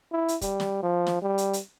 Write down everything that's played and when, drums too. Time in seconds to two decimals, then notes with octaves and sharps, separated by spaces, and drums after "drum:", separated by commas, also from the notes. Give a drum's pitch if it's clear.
0.12 E4
0.28 drum: hi-hat
0.41 G3, drum: kick, hi-hat
0.60 drum: snare
0.83 F3
1.07 drum: snare
1.22 G3
1.38 drum: hi-hat
1.53 drum: hi-hat